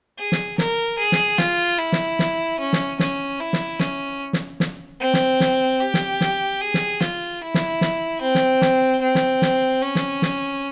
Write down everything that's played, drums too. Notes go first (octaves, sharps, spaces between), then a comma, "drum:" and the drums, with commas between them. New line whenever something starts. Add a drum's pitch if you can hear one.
G#4
drum: snare
A#4, drum: snare
G#4
drum: snare
F4, drum: snare
E4
drum: snare
drum: snare
C#4
drum: snare
C#4, drum: snare
E4
drum: snare
C#4, drum: snare
drum: snare
drum: snare
C4
drum: snare
drum: snare
G4
drum: snare
drum: snare
G#4
drum: snare
F4, drum: snare
E4
drum: snare
drum: snare
C4
drum: snare
drum: snare
C4
drum: snare
drum: snare
C#4
drum: snare
drum: snare